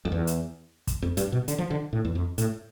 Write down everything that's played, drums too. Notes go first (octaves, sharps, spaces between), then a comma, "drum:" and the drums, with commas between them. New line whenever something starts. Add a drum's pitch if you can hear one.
F2
E2
drum: hi-hat
drum: kick, hi-hat
F2
G2, drum: hi-hat
B2
D3, drum: hi-hat
F3
D3
A2
E2
F2
A2, drum: hi-hat